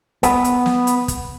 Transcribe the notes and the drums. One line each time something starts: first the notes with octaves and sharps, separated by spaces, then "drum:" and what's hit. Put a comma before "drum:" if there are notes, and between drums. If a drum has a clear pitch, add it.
B3, drum: kick, hi-hat
drum: hi-hat
drum: snare
drum: hi-hat
drum: kick, hi-hat